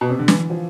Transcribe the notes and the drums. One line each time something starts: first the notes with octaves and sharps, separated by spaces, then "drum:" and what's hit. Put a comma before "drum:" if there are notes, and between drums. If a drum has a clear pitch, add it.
B2
C3
D3
E3, drum: snare
F3